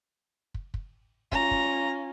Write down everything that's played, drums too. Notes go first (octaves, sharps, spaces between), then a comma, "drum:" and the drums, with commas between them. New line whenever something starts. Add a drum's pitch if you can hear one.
drum: kick
drum: kick
C#4 F4 A#5, drum: kick
drum: kick